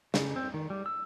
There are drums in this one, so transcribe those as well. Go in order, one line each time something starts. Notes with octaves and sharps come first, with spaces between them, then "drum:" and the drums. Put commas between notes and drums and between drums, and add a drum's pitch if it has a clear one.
C#3, drum: snare
C4
D#3
G3
E6